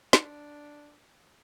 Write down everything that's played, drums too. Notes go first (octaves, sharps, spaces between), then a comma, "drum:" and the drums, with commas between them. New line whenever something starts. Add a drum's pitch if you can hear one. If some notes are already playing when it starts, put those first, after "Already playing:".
D4, drum: snare